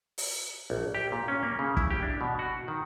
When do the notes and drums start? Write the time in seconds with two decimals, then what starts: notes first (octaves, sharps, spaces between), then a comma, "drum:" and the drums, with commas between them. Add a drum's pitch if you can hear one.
0.18 drum: open hi-hat
0.70 A#1
0.95 G4
1.12 A#2
1.28 C#4
1.43 A#3
1.59 C#3
1.77 E4, drum: kick
1.91 G4
2.03 D4
2.21 B2
2.39 F#4
2.68 D#3